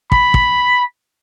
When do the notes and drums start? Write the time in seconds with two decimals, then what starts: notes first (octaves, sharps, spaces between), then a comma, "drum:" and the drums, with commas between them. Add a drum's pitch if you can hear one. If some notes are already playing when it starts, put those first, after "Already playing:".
0.12 B5, drum: kick
0.34 drum: kick